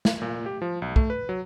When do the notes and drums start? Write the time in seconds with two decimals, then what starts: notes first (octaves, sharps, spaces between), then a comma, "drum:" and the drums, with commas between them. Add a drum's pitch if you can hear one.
0.05 drum: snare
0.22 A#2
0.46 G4
0.62 F3
0.82 B1
0.96 A3, drum: kick
1.10 B4
1.29 F#3